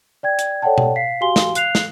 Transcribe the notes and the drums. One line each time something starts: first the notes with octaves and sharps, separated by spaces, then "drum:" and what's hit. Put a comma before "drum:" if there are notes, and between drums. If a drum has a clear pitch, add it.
D5 G5 G#6
drum: hi-hat
A4 C#5 D5 F#5 G5 A5
drum: tom B2
F5 B6 C7
F#4 G4 F5 G#5 C6 G7
drum: snare
F5 F#6 C7 F7, drum: hi-hat
drum: snare